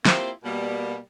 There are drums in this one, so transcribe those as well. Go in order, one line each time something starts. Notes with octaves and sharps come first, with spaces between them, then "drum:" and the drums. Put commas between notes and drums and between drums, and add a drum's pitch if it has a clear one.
A#3 C4 E4 F4 G4 C5, drum: snare
B2 G3 A#3